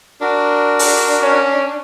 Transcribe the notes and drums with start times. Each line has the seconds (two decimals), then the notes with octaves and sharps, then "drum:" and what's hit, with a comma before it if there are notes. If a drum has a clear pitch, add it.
0.21 D4 F#4 A#4
0.79 drum: open hi-hat
1.22 C#4